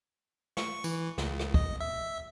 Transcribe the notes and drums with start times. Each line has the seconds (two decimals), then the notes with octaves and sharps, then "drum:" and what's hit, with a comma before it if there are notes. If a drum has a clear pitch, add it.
0.57 C#6, drum: snare
0.84 E3, drum: tambourine
1.18 C#2, drum: snare
1.39 drum: rim click
1.54 D#5, drum: kick
1.80 E5